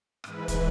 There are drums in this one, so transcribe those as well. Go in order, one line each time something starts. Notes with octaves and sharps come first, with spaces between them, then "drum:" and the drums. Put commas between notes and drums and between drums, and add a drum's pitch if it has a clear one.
G#2 E3 B4, drum: rim click
drum: kick, hi-hat